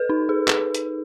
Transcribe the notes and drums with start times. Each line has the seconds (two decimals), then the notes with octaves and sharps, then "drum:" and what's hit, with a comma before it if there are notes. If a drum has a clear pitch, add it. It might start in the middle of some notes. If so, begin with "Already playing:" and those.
Already playing: A4 B4
0.09 D#4
0.29 G#4
0.48 G#4, drum: clap
0.75 drum: hi-hat